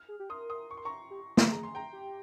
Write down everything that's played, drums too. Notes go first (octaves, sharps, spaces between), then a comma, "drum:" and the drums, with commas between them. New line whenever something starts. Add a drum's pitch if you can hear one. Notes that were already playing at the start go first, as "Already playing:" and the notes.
Already playing: F6
G#4
G4
A#4 C6 D#6
C6 D#6
C#6
C6
A#5 C#6
G4
G4, drum: snare
G#4 A#5
C6
G5 A#5
G4